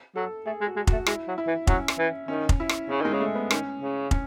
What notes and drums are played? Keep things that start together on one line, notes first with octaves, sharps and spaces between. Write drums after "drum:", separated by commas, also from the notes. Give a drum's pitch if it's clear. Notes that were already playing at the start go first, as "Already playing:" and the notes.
F#3 A4
A3 G#4
G#3
F#4
G#3
A3 F#4, drum: kick
G#3 E4, drum: rim click
F#3
E4
E3
F#3 C#4, drum: kick
drum: rim click
E3
D#3 C#4
drum: kick
E4
drum: rim click
C#3 C#4
D#3 G#3
C#3
A3
B3
D#3 C#4, drum: rim click
C#3
C#4, drum: kick